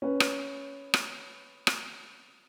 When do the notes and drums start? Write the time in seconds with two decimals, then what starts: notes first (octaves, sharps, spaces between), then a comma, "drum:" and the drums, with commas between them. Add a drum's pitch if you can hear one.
0.02 C#4 B4
0.20 drum: rim click
0.94 drum: rim click
1.67 drum: rim click